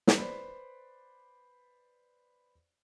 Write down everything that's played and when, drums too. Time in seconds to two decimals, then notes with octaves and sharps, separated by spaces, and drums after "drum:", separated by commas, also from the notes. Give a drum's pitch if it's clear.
0.07 drum: snare
0.18 B4 C5 D5 B5